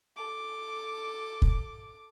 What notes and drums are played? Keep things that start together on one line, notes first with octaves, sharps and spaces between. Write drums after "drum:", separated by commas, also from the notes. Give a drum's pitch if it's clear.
A4 D6
drum: kick